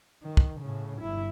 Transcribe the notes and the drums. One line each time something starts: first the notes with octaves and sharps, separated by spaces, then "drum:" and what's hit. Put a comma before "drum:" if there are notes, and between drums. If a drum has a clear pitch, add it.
D#3
drum: kick
A2 C#3
G1 E4